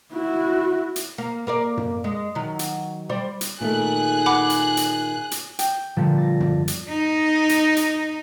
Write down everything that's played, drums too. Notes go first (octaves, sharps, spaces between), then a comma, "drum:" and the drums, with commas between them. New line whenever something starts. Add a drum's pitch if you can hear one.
E4 F#4
drum: hi-hat
A#3
A#3 A#4 D5
drum: tom F#2
G#3
D#3 F#3
drum: hi-hat
G3 C5 D5
drum: hi-hat
A#2 D#3 A3 G#4 F#6
F#5 B5 D6
drum: hi-hat
drum: hi-hat
drum: hi-hat
G5, drum: hi-hat
A#2 D3 F3 G3 B3
A6 A#6
drum: tom F#2
drum: hi-hat
D#4
drum: hi-hat
drum: hi-hat